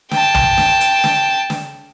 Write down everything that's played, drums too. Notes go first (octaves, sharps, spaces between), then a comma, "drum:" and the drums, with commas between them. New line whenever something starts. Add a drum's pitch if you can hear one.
G5 A5, drum: snare
drum: tom
drum: snare
drum: hi-hat
drum: snare
drum: snare